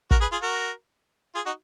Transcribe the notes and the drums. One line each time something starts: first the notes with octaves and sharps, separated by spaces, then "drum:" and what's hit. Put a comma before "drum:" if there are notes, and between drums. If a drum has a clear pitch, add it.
F#4 A#4, drum: kick
G#4 B4
F4 G#4
F#4 A#4
F4 G#4
D#4 F#4